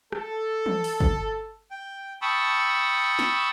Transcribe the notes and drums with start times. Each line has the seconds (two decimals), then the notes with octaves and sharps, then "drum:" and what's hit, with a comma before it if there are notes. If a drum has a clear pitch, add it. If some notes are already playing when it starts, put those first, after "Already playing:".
0.12 A4, drum: rim click
0.66 drum: tom E3
0.84 drum: open hi-hat
1.00 drum: kick
1.71 G5
2.22 G5 A5 B5 C#6 D#6 E6
3.19 drum: snare